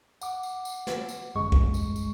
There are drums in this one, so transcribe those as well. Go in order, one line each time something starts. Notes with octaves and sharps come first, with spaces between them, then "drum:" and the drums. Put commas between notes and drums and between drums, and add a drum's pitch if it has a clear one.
F#5 D6, drum: tambourine
drum: tambourine
drum: tambourine
drum: snare
drum: tambourine
G1 F#2 G#3 C#6
drum: kick
drum: tambourine
drum: tambourine